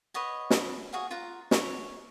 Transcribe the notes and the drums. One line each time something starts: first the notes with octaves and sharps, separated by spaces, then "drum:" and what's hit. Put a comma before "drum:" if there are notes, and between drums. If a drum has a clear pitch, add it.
B4 C#5 D#5 F#5
drum: snare
F#4 G#4 F5 F#5
F4 F5 F#5 A#5
C#5, drum: snare